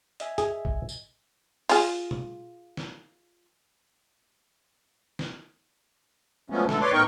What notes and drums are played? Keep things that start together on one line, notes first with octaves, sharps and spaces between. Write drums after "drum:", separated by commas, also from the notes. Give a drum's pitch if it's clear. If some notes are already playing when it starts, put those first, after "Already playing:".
D#5 E5 G#5, drum: hi-hat
G#4, drum: hi-hat
drum: kick
drum: tambourine
F4 G#4, drum: open hi-hat
drum: tom B2
drum: snare
drum: snare
F3 F#3 G#3 A3 B3 C#4
B2 D3 G#3 A3 A4, drum: snare
B4 C#5 D5 C6 D6
A2 B3 D#4 A#4 G5 C#6